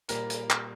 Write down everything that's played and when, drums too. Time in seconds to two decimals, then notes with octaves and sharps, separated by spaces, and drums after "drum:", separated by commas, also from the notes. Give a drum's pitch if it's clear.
0.09 A#2 G3 A#3 A#4, drum: hi-hat
0.30 drum: hi-hat
0.50 drum: clap